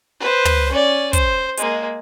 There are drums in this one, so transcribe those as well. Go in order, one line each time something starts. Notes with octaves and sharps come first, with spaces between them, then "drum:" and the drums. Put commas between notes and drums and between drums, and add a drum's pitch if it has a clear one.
B4 C5
drum: tom
C#4 D5
C5, drum: kick, hi-hat
G#3 A#3, drum: hi-hat